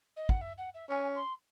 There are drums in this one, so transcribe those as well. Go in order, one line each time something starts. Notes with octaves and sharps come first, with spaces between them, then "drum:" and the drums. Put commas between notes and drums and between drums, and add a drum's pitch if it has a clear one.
D#5
F#5, drum: kick
E5
F#5
E5
C#4 G#5
C6